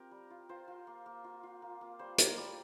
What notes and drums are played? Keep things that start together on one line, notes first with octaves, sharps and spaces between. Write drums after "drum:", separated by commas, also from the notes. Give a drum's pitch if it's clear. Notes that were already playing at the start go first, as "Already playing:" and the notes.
Already playing: C4 F4 G4 A#4
G3
F4
F4 C5
F4
A#3
A#3
F4
F4
A#3
A#3
G3 C5
A#3 F5, drum: hi-hat
G3 D5